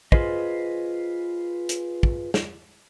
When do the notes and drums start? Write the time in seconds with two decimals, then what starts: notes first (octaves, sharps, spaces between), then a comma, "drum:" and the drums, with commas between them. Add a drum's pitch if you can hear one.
0.12 F4 G#4 B4 C5 D#5, drum: kick
1.69 drum: hi-hat
2.03 drum: kick
2.34 drum: snare